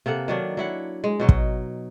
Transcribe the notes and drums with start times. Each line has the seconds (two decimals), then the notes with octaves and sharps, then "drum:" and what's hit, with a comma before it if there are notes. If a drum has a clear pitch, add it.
0.06 C3 A#3 A4 F#5
0.28 D#3 F#3 D4
0.57 F#3 E4 F#5
1.04 G#3
1.20 B2 F#3 D#4
1.29 drum: kick